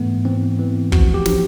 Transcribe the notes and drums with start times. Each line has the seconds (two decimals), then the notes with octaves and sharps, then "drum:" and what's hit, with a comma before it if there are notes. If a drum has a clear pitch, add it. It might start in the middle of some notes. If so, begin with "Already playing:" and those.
Already playing: G#2 E3 A3 B3
0.25 E3 C4
0.59 E3
0.92 F3 F#4, drum: kick
1.14 G4
1.26 F3, drum: snare